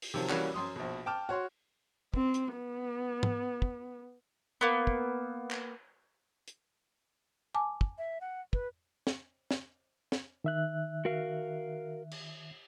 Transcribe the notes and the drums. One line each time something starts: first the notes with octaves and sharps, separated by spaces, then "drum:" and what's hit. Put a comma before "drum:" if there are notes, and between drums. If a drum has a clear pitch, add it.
drum: open hi-hat
C3 D#3 F3 F#3
E3 G3 A#3 C#4 F#4, drum: clap
F#2 C6 D#6
A#1 B2
G5 A5 D6 F6
F#4 C#5 C6
C4, drum: kick
drum: hi-hat
B3
drum: tom
drum: kick
A#3 B3
drum: kick
drum: clap
drum: hi-hat
G#5 A5 D6
drum: kick
E5
F#5
B4, drum: kick
drum: snare
drum: snare
drum: snare
D#3 E5 F#6
F#4 A#4 F5
drum: cymbal